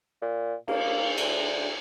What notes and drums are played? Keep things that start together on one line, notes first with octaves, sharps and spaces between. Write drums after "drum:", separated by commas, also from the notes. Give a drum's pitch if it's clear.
A#2
A#3, drum: cymbal
D2, drum: cymbal